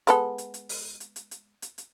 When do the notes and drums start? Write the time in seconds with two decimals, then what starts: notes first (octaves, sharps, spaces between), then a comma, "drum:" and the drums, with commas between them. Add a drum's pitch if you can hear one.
0.07 G#3 B3 A4, drum: hi-hat
0.38 drum: hi-hat
0.54 drum: hi-hat
0.69 drum: open hi-hat
1.00 drum: hi-hat
1.16 drum: hi-hat
1.31 drum: hi-hat
1.62 drum: hi-hat
1.78 drum: hi-hat